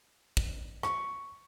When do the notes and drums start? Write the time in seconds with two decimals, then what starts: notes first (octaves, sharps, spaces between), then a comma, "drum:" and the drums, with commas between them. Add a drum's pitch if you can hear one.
0.37 drum: kick
0.83 C#6, drum: rim click